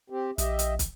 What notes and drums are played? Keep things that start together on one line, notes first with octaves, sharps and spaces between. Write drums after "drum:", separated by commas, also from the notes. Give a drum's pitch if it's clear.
C4 G4
A#1 G4 D#5 E5, drum: hi-hat
drum: hi-hat
drum: kick, hi-hat